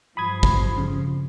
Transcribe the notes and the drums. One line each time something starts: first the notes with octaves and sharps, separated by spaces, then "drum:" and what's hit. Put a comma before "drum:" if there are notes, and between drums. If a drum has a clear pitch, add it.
G2 F3 B5 D#6 G#6
drum: kick
C#3